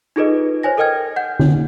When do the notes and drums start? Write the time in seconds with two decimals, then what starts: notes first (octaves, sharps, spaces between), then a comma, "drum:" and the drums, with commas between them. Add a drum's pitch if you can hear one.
0.16 D#4 F4 G#4 A4 B4 D#5
0.63 C5 C#5 G#5 A#6
0.77 A4 A#4 D#5 G5 F6 G#6
1.16 F#5 G6
1.39 drum: tom D3